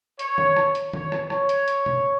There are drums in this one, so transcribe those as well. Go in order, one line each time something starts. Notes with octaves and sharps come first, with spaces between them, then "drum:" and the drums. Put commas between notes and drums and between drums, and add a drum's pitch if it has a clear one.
C#5, drum: hi-hat
drum: tom D#3
drum: rim click
drum: hi-hat
C#5, drum: tom D#3
drum: rim click
C#5, drum: rim click
drum: hi-hat
drum: hi-hat
drum: tom